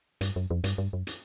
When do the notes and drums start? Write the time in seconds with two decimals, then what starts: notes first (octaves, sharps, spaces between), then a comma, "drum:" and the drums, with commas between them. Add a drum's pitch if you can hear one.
0.21 G2, drum: hi-hat
0.36 F#2
0.50 F2
0.64 G2, drum: hi-hat
0.78 G2
0.93 F#2
1.07 drum: hi-hat